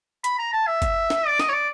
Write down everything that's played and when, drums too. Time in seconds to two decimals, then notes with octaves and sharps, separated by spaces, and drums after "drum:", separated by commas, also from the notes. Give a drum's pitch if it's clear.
0.24 B5, drum: hi-hat
0.39 A#5
0.53 A5
0.67 E5
0.82 drum: kick G1, hi-hat
1.10 drum: snare
1.27 D5
1.39 D#5, drum: snare
1.49 C#5
1.53 D5